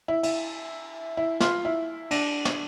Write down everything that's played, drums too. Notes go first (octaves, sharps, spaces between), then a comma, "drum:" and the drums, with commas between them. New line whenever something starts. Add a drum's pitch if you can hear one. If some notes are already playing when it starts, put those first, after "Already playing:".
E4
E4, drum: cymbal
E4
F4, drum: snare
E4
D4, drum: cymbal
drum: snare